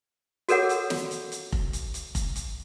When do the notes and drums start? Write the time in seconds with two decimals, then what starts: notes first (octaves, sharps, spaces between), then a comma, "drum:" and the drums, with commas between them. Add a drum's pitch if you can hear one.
0.49 F#4 A4 A#4 C#5 F#5 D6, drum: hi-hat
0.69 drum: hi-hat
0.90 drum: snare
1.11 drum: hi-hat
1.32 drum: hi-hat
1.52 drum: kick F1
1.73 drum: hi-hat
1.94 drum: hi-hat
2.15 drum: kick F1, hi-hat
2.36 drum: hi-hat